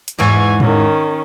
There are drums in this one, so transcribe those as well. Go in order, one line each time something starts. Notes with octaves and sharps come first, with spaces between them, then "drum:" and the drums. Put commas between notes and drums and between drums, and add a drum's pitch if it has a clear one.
drum: hi-hat
E2 G#2 E3 G#5 C#6
D#3 C#4, drum: tom G#2